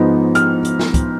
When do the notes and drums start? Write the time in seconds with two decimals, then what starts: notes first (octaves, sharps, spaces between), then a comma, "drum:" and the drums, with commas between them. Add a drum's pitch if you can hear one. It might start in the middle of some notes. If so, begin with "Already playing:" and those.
Already playing: G#2 F3 B3 D#4
0.35 F6, drum: hi-hat
0.65 drum: hi-hat
0.79 drum: snare
0.94 drum: kick, hi-hat